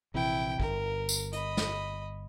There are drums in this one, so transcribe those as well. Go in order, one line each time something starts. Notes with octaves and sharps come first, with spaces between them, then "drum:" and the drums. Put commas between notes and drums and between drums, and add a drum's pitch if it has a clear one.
A#1 C3 E3 E4 G5
G1 A#4, drum: kick A1
drum: tambourine
D#5 B5, drum: hi-hat
drum: snare